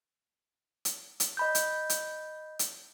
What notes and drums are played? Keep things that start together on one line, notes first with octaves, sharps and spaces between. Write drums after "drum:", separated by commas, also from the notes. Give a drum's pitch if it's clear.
drum: hi-hat
drum: hi-hat
D#5 B5 G6
drum: hi-hat
drum: hi-hat
drum: hi-hat